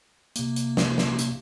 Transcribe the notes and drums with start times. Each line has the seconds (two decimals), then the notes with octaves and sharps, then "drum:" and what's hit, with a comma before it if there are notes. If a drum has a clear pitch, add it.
0.36 C3 A#3, drum: hi-hat
0.56 drum: hi-hat
0.77 drum: snare
0.98 drum: snare
1.19 drum: hi-hat